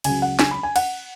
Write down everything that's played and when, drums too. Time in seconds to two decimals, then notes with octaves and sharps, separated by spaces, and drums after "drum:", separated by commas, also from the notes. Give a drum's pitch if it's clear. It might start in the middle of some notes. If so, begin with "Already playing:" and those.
0.04 C#2 C#3 F#3 G#5, drum: cymbal
0.22 F#5
0.39 G#5, drum: snare
0.51 B5
0.63 G#5
0.76 F#5, drum: cymbal